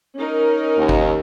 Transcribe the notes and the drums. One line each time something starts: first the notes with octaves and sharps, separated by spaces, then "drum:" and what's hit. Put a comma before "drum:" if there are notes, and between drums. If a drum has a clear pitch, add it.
C#4 D#4 A#4
D#2
drum: kick